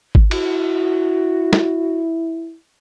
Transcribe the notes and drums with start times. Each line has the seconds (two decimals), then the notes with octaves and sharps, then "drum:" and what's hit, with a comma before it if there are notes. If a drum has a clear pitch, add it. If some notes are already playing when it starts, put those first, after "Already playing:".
0.15 drum: kick G#1
0.31 E4 F#4, drum: cymbal
1.53 drum: snare